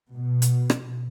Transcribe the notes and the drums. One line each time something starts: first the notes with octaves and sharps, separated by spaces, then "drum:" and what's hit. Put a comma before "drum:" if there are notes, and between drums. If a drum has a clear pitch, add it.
B2
drum: hi-hat
drum: rim click